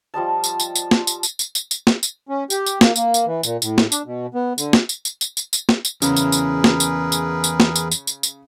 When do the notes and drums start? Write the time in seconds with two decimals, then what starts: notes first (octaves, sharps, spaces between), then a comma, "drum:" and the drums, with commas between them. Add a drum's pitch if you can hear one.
0.14 F3 G3 D#5 A5
0.44 drum: tambourine
0.60 drum: tambourine
0.75 drum: tambourine
0.91 drum: snare
1.07 drum: tambourine
1.23 drum: tambourine
1.39 drum: tambourine
1.55 drum: tambourine
1.71 drum: tambourine
1.87 drum: snare
2.03 drum: tambourine
2.29 C#4
2.50 G4, drum: tambourine
2.66 drum: tambourine
2.81 A#3, drum: snare
2.96 A#3, drum: tambourine
3.14 drum: tambourine
3.26 E3
3.43 A#2, drum: tambourine
3.62 A2, drum: tambourine
3.78 drum: snare
3.92 D4, drum: tambourine
4.06 B2
4.35 B3
4.58 D3, drum: tambourine
4.73 drum: snare
4.89 drum: tambourine
5.05 drum: tambourine
5.21 drum: tambourine
5.37 drum: tambourine
5.53 drum: tambourine
5.69 drum: snare
5.85 drum: tambourine
6.02 E2 C#3 G#4 A#4 B4, drum: tambourine
6.16 drum: tambourine
6.32 drum: tambourine
6.64 drum: snare
6.80 drum: tambourine
7.12 drum: tambourine
7.44 drum: tambourine
7.60 drum: snare
7.76 drum: tambourine
7.91 drum: tambourine
8.07 drum: tambourine
8.23 drum: tambourine